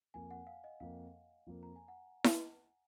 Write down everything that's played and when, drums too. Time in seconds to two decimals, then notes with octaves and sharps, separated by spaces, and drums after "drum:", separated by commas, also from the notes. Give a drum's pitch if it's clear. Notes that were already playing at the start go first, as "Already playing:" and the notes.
0.14 F2 F3 A#3 G#5
0.31 F#5
0.47 F5
0.64 D#5
0.80 F2 F3 A#3 F5
1.47 F2 F3 A#3
1.63 A#5
1.76 G#5
1.88 F#5
2.24 drum: snare E4